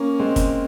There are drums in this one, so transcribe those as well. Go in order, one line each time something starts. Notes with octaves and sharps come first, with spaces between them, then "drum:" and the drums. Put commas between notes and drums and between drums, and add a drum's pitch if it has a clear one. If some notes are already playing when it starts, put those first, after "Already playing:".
Already playing: A#3 C#4
G#3 C4
drum: kick, hi-hat